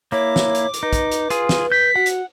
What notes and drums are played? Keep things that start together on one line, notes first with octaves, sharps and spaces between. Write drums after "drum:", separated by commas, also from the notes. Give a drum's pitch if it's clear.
A#3 E4 C#5 D6
drum: snare
drum: hi-hat
drum: hi-hat
D#4 B4
drum: kick, hi-hat
drum: hi-hat
F4 G#4, drum: hi-hat
drum: snare
G6 B6
F#4 F#5
drum: hi-hat